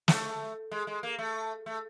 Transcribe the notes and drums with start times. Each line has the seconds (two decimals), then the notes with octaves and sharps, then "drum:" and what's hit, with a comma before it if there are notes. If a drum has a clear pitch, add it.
0.08 A3, drum: snare
0.71 G#3
0.87 G#3
1.03 A#3
1.19 A3
1.66 A3